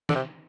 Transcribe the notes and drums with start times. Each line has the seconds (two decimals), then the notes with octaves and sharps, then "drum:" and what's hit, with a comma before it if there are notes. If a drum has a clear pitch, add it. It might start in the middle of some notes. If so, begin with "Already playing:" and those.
0.09 D3, drum: snare
0.15 C3